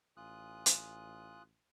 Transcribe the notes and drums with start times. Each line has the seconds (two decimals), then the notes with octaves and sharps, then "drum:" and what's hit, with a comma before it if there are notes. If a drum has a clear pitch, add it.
0.17 A1 F4 G#5 D#6 F#6
0.66 drum: hi-hat